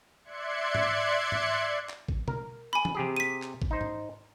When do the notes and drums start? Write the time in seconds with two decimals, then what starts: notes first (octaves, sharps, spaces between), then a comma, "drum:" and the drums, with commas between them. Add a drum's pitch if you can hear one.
0.23 D5 E5 C6 F#6 G#6 C#7
0.75 drum: tom G#2
1.32 drum: tom G#2
1.89 drum: clap
2.08 drum: kick
2.28 A#4, drum: tom
2.73 G#5 B5
2.85 drum: tom E3
2.95 C3 G4 G#4
3.17 B6 D#7
3.42 drum: clap
3.62 drum: kick
3.71 D#4 C5
3.81 drum: tom G#2